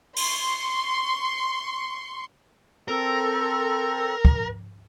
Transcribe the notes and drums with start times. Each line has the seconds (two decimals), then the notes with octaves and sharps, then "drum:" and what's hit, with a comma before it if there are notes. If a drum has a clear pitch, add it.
0.16 C6 C#6, drum: open hi-hat
2.88 C4 A4 A#4
4.25 drum: kick